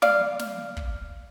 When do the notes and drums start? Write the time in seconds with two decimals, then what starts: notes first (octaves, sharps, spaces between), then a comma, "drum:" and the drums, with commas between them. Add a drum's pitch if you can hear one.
0.02 D5 F5, drum: snare
0.39 drum: snare
0.77 drum: kick